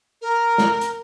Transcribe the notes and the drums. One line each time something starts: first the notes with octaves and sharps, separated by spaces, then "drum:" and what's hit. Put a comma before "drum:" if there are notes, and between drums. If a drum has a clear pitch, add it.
A#4
drum: snare
drum: hi-hat